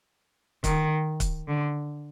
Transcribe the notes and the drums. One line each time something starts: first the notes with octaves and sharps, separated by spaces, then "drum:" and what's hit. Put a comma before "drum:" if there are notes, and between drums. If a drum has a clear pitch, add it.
D#3, drum: kick, hi-hat
drum: kick, hi-hat
D3